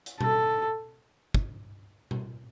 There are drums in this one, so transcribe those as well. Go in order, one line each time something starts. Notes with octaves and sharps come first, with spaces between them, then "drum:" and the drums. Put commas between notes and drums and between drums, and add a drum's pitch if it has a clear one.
drum: hi-hat
A4, drum: tom B2
drum: kick
drum: tom B2